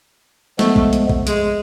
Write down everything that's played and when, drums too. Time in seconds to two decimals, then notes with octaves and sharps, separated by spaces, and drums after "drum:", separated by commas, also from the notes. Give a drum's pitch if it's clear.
0.59 F3 G#3 A3 B3, drum: snare
0.76 drum: kick
0.93 drum: hi-hat
1.10 drum: kick
1.27 G#3, drum: hi-hat